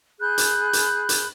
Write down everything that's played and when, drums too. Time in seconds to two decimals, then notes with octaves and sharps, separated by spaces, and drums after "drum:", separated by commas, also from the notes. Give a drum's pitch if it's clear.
0.20 G#4 B5 F#6 G6
0.38 drum: hi-hat
0.73 drum: hi-hat
1.09 drum: hi-hat